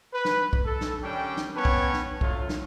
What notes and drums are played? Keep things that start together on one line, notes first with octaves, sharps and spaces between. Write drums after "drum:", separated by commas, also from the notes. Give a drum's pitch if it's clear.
B4
drum: snare
drum: kick B1
A4
drum: snare
D#3 G3 C#4 D4 G5
drum: snare
B3 C#4 B4 C#5 G5 A5
drum: kick B1
drum: snare
D3 F#3 A3 F4 C#5, drum: kick B1
drum: snare